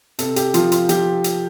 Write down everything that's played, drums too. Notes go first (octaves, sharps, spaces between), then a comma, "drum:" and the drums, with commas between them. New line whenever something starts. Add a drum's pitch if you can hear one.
C3 A4, drum: hi-hat
G4, drum: hi-hat
F3 F4, drum: hi-hat
F4, drum: hi-hat
F3 G4, drum: hi-hat
drum: hi-hat